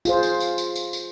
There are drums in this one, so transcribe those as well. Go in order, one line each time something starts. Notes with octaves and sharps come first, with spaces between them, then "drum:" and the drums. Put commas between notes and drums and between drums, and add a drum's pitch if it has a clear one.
F4 G#4 C5, drum: tambourine
drum: tambourine
drum: tambourine
drum: tambourine
drum: tambourine
drum: tambourine